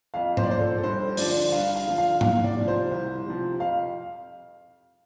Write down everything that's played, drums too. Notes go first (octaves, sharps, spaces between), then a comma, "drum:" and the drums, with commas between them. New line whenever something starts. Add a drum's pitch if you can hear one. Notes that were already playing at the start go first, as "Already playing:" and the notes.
F2 F5
C5, drum: tom G#2
D5
F3 C5
A4
A4
G2 C5
D3 F3 D5, drum: open hi-hat
G2 F5
F5
D3 F3
F5
C2 F5, drum: tom G#2
D5
C3 F3
C5
C2
C3 F3
F2 F5